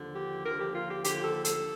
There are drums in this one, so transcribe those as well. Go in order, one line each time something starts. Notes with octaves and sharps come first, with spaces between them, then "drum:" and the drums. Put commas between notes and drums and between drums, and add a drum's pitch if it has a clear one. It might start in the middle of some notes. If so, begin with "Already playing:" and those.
Already playing: D#2 D3 F3
G4
D#2 D3 F3 A#4
G4
F4
G4
D#2 D3 F3 G4, drum: hi-hat
A4
A4, drum: hi-hat